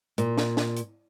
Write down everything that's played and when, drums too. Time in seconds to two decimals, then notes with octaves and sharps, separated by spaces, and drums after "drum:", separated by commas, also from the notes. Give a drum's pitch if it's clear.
0.18 A#2, drum: hi-hat
0.38 drum: snare
0.57 drum: snare
0.77 drum: hi-hat